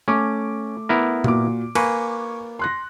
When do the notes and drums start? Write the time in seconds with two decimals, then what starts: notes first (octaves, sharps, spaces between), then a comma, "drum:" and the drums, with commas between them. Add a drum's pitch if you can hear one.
0.08 A3 C#4 D6
0.89 B3 E4 A#4
1.24 A#2 F#4 D6, drum: tom A#2
1.75 A#3 B4 G#5 C#6, drum: cymbal
2.59 C6 F#6 A#6